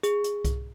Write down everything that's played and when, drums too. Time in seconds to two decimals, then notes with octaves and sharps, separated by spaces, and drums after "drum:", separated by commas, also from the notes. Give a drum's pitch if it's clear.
0.03 G#4, drum: hi-hat
0.24 drum: hi-hat
0.45 drum: kick C2, hi-hat